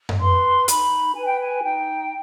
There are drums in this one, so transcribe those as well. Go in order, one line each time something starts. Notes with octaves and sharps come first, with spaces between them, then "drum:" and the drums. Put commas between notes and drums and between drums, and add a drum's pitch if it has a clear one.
drum: tom F#2
B4 C6
D#4 B5, drum: hi-hat
B4 G#5
G5
G#5
D#4 G5